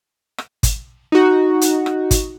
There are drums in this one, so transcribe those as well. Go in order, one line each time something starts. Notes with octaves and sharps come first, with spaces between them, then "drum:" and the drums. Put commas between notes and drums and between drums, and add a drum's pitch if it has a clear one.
drum: rim click
drum: kick, hi-hat
D#4 F#4
drum: hi-hat
drum: rim click
drum: kick, hi-hat